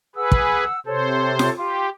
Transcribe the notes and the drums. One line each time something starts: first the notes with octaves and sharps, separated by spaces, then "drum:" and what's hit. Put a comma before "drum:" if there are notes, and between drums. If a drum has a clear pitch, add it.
G#4 B4 F#5 E6
drum: kick
C3 A4 C5 C#5
drum: snare
F4 G4 C6